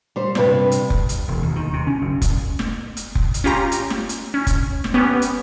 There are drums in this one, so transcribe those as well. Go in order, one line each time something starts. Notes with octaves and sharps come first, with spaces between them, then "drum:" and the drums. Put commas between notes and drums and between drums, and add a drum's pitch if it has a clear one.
G3 C5
G2 C3 B4, drum: snare
drum: hi-hat
drum: kick F1
drum: hi-hat
E1
D#2
D#3
C3
C#4
F#1
drum: kick F1, hi-hat
drum: snare
drum: hi-hat
drum: kick F1
drum: hi-hat
C#4 F4 G4 A#5
drum: hi-hat
drum: snare
drum: hi-hat
C#4
drum: kick F1, hi-hat
drum: snare
B3 C#4 G4
drum: hi-hat